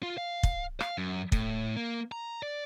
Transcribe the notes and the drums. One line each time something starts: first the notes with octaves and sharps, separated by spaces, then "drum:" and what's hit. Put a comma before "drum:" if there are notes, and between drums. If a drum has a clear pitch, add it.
F4
F5
drum: kick
F5, drum: rim click
F#2
A2, drum: kick
A#3
A#5
D5